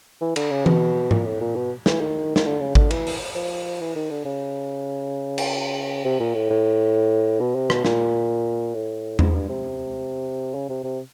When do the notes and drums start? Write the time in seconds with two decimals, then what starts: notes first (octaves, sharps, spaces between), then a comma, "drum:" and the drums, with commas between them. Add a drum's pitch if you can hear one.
0.21 E3
0.36 D3, drum: cymbal
0.51 C#3
0.66 B2, drum: tom E3
1.11 A#2, drum: tom G#2
1.26 A2
1.41 A#2
1.56 B2
1.86 E3, drum: snare
2.00 D#3
2.36 D#3, drum: snare
2.45 D3
2.60 C#3
2.75 D3, drum: kick G#1
2.91 E3, drum: cymbal
3.07 drum: open hi-hat
3.35 F3
3.80 E3
3.96 D#3
4.10 D3
4.25 C#3
5.38 drum: cymbal
6.05 C3
6.20 A#2
6.35 A2
6.50 A2
7.40 B2
7.55 C3
7.70 B2, drum: rim click
7.85 A#2, drum: snare
8.74 A2
9.19 G#2, drum: tom E2
9.35 G2
9.49 C3
10.54 C#3
10.69 C3
10.84 C3